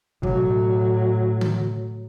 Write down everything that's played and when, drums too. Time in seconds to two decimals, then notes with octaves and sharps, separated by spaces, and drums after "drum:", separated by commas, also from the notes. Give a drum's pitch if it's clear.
0.23 A2 F#3, drum: kick
1.41 drum: tom D3